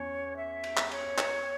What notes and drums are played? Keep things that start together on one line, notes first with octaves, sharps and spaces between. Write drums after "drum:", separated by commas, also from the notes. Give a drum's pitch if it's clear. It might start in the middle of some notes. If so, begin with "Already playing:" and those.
Already playing: E2 C#4 C#5
E5
drum: cymbal
drum: clap
C#5, drum: cymbal
drum: clap